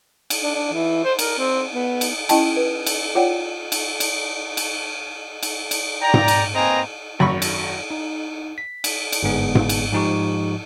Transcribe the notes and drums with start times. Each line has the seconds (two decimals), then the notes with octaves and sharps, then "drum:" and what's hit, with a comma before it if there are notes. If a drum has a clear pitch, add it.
0.30 drum: cymbal
0.42 D4
0.55 D4
0.73 E3
1.04 C5
1.19 A#4, drum: cymbal
1.38 C4
1.74 B3
2.01 drum: cymbal
2.29 C#4 E4 D#5 G5 A5, drum: cymbal
2.57 B4
2.86 drum: cymbal
3.15 F4 C#5 D5 F#5 G5
3.72 drum: cymbal
4.00 drum: cymbal
4.57 drum: cymbal
5.43 drum: cymbal
5.71 drum: cymbal
6.02 D5 G5 A#5
6.14 drum: tom G#2
6.28 drum: cymbal
6.55 A#3 C4 B4 D#5 G#5 A#5
7.19 G#1 F#2 B5 C#6
7.42 drum: cymbal
7.91 D#4
8.58 B6
8.84 drum: cymbal
9.12 drum: cymbal
9.23 G1 G#2 B3 G#4
9.55 drum: tom G#2
9.69 drum: cymbal
9.93 G#2 F3 D#4 G4 C#6